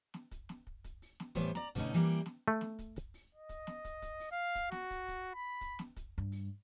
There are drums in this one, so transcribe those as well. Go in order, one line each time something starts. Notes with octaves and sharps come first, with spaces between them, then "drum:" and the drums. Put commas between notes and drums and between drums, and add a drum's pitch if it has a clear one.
drum: snare
drum: kick, hi-hat
drum: snare
drum: kick
drum: kick, hi-hat
drum: open hi-hat
drum: snare
A2 E3 G3 B3 C5 C#5, drum: kick, hi-hat
D5 A#5, drum: snare
B2 D3 A3 C#4 D#4, drum: kick, hi-hat
E3 G3 A#3
drum: open hi-hat
drum: snare
A3
drum: snare
drum: kick, hi-hat
drum: kick, hi-hat
drum: open hi-hat
D#5
drum: kick, hi-hat
drum: snare
drum: kick, hi-hat
drum: kick, hi-hat
drum: open hi-hat
F5
drum: kick, hi-hat
F#4, drum: snare
drum: kick, hi-hat
drum: kick, hi-hat
B5
drum: kick, hi-hat
drum: snare
drum: kick, hi-hat
G2
drum: open hi-hat